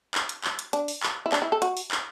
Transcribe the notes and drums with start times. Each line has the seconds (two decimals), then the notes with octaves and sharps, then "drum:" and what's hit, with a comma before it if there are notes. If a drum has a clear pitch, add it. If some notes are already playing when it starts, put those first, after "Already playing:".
0.15 drum: clap
0.29 drum: hi-hat
0.44 drum: clap
0.59 drum: hi-hat
0.73 D4, drum: hi-hat
0.88 drum: open hi-hat
1.03 drum: clap
1.26 E4
1.32 D4, drum: clap
1.42 E4
1.52 A4
1.62 F#4, drum: hi-hat
1.77 drum: open hi-hat
1.91 drum: clap